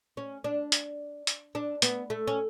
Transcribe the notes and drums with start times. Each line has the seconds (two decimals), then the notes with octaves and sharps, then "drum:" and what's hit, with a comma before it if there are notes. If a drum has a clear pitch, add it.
0.17 C#4
0.44 D4
0.72 drum: hi-hat
1.27 drum: hi-hat
1.55 D4
1.82 B3, drum: hi-hat
2.10 A3
2.28 C#4